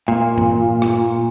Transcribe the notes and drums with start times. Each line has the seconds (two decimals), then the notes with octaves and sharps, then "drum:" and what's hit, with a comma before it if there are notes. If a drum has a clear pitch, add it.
0.08 A#2
0.38 drum: tom G2
0.82 drum: rim click